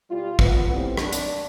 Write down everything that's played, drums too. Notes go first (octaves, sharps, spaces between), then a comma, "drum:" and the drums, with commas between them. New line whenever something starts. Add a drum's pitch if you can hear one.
B2 G3 F4
B3, drum: kick
A2 E3 G3 C4
D4, drum: rim click
drum: hi-hat